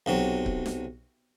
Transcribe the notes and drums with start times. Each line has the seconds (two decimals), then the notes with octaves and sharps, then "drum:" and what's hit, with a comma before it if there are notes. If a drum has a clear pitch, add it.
0.06 B1 C3 F#3
0.46 drum: kick C#1
0.66 drum: snare